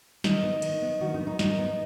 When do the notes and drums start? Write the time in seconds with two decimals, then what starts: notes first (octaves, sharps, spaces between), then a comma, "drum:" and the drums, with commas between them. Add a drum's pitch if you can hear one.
0.24 D#3 D#4, drum: snare
0.43 B3
0.62 D#3, drum: cymbal
0.82 B3
1.01 D#3 F#4
1.14 D#4
1.20 B3
1.27 D#4
1.39 D#3 D#4, drum: snare
1.58 B3